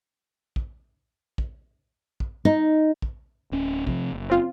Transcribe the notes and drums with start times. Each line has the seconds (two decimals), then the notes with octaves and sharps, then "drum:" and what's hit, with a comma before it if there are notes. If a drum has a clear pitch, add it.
0.56 drum: kick
1.38 drum: kick
2.20 drum: kick
2.45 D#4
3.02 drum: kick
3.52 D1 C#4
3.87 C3 F3, drum: kick
4.12 F#1
4.30 C4 F4